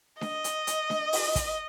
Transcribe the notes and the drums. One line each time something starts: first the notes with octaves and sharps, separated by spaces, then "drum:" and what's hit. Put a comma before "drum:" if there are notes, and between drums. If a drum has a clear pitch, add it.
D#5, drum: snare D4
drum: hi-hat
drum: hi-hat
drum: snare D4
drum: open hi-hat
drum: kick, hi-hat